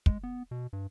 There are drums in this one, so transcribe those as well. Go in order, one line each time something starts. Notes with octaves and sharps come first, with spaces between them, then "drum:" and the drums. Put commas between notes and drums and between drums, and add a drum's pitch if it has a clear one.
G#3, drum: kick
B3
B2
G2